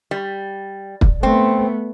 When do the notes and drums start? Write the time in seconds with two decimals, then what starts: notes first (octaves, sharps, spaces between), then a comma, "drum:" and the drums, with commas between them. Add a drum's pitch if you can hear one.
0.11 G3
1.01 drum: kick
1.23 A3 B3 C4